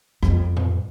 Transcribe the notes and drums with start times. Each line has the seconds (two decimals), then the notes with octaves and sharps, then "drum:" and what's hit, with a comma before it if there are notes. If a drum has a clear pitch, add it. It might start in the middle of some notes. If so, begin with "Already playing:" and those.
0.23 F2, drum: rim click
0.57 drum: tom A2